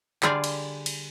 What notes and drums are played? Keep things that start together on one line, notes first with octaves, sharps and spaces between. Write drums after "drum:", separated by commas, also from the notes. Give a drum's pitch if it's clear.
D3 G3 F4 G#4 D5 F5, drum: clap
drum: cymbal
drum: cymbal